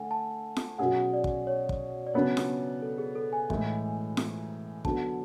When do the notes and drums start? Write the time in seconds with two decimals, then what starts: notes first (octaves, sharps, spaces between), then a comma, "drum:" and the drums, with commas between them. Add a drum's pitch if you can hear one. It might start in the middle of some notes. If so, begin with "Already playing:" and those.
Already playing: D3 A3 D4 A4 F#5 G#5
0.11 A5
0.56 drum: snare F4
0.79 B2 F#3 C#4 G#4 F#5
1.13 D5
1.24 drum: kick
1.47 C#5
1.69 drum: kick
2.07 D5
2.14 C#3 F#3 B3 D4 C#5
2.37 drum: snare F4
2.82 A4
2.98 G#4
3.16 A4
3.33 G#5
3.50 A2 E3 G#3, drum: kick
4.17 drum: snare F4
4.85 D3 F#3 B3 D4 A4 A5, drum: kick